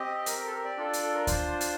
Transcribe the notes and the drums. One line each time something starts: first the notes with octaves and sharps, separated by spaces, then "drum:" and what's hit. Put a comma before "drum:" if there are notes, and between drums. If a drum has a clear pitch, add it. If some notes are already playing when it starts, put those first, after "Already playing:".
Already playing: C4 G4 D#5
A#4, drum: hi-hat
A#4
A4
A#4
D5
D4 F4 A4
drum: hi-hat
A4
A#4
C5, drum: kick D2, hi-hat
drum: hi-hat